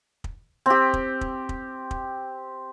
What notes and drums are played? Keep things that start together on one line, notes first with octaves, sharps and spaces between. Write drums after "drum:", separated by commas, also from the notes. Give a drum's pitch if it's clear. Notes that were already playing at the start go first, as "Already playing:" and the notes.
drum: kick
C4 G4
drum: kick
drum: kick
drum: kick
drum: kick